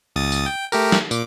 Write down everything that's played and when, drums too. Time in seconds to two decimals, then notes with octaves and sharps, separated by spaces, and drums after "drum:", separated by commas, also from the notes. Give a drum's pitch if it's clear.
0.16 C#2 D#6 A6
0.32 drum: tambourine
0.46 G5
0.72 A3 G4 A#4, drum: tambourine
0.92 drum: snare
1.11 A#2 D6, drum: tambourine